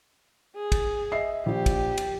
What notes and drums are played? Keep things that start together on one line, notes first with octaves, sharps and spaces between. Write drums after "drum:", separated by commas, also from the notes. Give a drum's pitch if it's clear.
G#4
drum: kick, cymbal
D#5 E5 C7
A#1 G4
drum: kick, cymbal
drum: cymbal